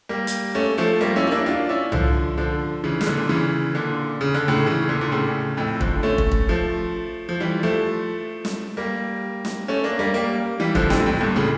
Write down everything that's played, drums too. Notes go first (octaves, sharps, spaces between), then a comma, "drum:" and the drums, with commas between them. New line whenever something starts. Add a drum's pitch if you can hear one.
G3 A#3
drum: hi-hat
A3 C#4
F3 A3
G3 A#3
C#4 E4
E4
A#3 D4
D4 F4
C#4 E4
D3 F3, drum: tom C2
D3 F3
C#3 E3
C#3, drum: snare
A#2 D3
C#3 E3
A#2 D3
C#3
D3
A2 C#3
C#3 E3
A#2 D3
A#2
A2 C#3
F2 A2
D3 F3, drum: kick
A3 C#4
drum: kick
drum: kick
F3 A3
F3
E3 G3
F3 A3
drum: snare
G3 A#3
drum: snare
A3 C#4
A#3 D4
G3 A#3
G3 A#3
E3 G3
D3 F3, drum: kick
F2 A2, drum: snare
F2 A2
G2 A#2
A2 C#3